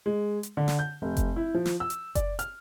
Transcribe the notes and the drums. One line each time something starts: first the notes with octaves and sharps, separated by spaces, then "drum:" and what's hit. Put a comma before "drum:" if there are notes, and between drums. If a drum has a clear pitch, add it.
G#3
drum: hi-hat
D3
drum: snare
G6
F1
drum: kick F#1, hi-hat
E4
F3
drum: snare
E6
drum: hi-hat
D5, drum: kick F#1, hi-hat
F6, drum: hi-hat